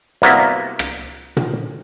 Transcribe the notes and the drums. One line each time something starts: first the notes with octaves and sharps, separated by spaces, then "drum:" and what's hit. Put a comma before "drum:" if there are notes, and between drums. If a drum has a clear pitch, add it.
C2 A#3 B3 F#4 E5
drum: rim click
drum: tom A#2